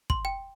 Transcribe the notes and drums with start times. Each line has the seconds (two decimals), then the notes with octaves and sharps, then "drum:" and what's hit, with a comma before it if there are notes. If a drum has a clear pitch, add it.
0.10 C6, drum: kick
0.25 G5